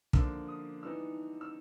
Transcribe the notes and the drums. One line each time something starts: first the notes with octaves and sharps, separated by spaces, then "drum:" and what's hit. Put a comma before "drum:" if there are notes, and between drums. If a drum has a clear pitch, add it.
D3 F3 A#3 D4 E6, drum: kick
D#6
E3 G3 B3 D#4 E6
E6